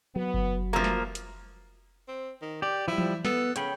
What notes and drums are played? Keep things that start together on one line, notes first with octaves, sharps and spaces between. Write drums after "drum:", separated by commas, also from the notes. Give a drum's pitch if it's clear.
F#3 B3
drum: kick F#1
G2 F3 A3 A#3 A#5 E6
drum: snare
drum: hi-hat
C4
D#3
G4 D5
F3 G3 E4
drum: tom E3
B3 A4, drum: snare
C#3 C#5 G5 B5, drum: hi-hat